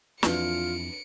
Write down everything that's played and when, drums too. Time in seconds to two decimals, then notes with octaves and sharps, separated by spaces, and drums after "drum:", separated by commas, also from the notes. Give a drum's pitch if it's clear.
0.23 F2 E3 D4 F4 F#4 B4 C#7 D7, drum: snare